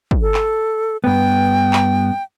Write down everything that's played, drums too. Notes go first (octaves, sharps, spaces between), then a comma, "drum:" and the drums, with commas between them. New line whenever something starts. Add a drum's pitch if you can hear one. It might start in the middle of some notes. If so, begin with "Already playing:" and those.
drum: kick
A4
drum: clap
G2 B3 G5
drum: clap